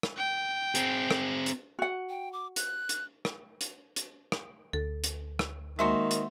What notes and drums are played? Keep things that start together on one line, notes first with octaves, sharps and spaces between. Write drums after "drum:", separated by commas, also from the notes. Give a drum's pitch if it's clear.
drum: rim click
G5
C4 G#4, drum: hi-hat
drum: rim click
drum: hi-hat
F#4 F#5
G5
D6
F#6, drum: hi-hat
drum: hi-hat
drum: rim click
drum: hi-hat
drum: hi-hat
drum: rim click
D2 A4
drum: hi-hat
drum: rim click
D#3 G#3 A#3 F#4 C5 E5
drum: hi-hat